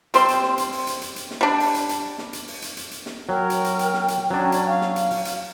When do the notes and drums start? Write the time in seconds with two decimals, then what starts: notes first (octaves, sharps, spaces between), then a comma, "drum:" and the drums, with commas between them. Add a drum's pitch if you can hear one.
0.14 G3 C4 C6, drum: hi-hat
0.28 drum: hi-hat
0.43 drum: snare
0.58 drum: hi-hat
0.72 drum: open hi-hat
0.87 drum: hi-hat
1.01 drum: hi-hat
1.16 drum: hi-hat
1.31 drum: snare
1.41 G3 D4
1.60 drum: open hi-hat
1.75 drum: hi-hat
1.89 drum: hi-hat
2.18 drum: snare
2.33 drum: hi-hat
2.48 drum: open hi-hat
2.62 drum: hi-hat
2.77 drum: hi-hat
2.91 drum: hi-hat
3.06 drum: snare
3.29 F#3 A#4 G5
3.50 drum: hi-hat
3.64 drum: hi-hat
3.79 drum: hi-hat
3.94 drum: snare
4.08 drum: hi-hat
4.30 F#3 C#4 D4
4.52 drum: hi-hat
4.65 F5
4.81 drum: snare
4.96 drum: hi-hat
5.11 drum: open hi-hat
5.25 drum: hi-hat